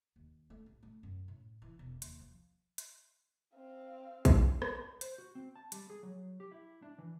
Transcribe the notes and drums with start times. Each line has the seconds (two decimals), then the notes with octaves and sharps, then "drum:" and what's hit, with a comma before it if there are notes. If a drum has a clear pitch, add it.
0.16 D#2
0.50 A3
0.66 A1
0.83 A3
1.03 F#2
1.28 A2
1.62 E3
1.79 E1
2.02 D#2, drum: hi-hat
2.20 F3
2.78 drum: hi-hat
3.55 C4 F5
4.25 drum: kick, hi-hat
4.62 drum: rim click
5.01 C5, drum: hi-hat
5.18 F#4
5.35 C4
5.56 A5
5.72 G3, drum: hi-hat
5.90 G#4
6.03 F#3
6.40 G4
6.51 E4
6.82 D4
6.98 E3